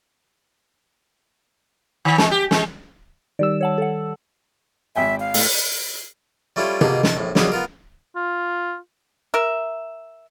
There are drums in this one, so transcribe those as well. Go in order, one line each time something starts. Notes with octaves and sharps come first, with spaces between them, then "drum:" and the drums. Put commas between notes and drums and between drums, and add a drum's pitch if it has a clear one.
D#3
G#3, drum: snare
G4
G#3, drum: snare
D#3 G3 D5 E6
C#5 F#5 A5
A4 F#5
G#1 E5 G5 G#5
F5
A2 A3, drum: open hi-hat
G3 A3 C#4 E4 F4 G4
B2 A#3 D#4 G4 G#4, drum: tom C3
D#3 A5, drum: snare
A#1 A2
D#2 F#3 G3 G#4 F5 D#6, drum: snare
B3 F4 A#4
F4
A#4 E5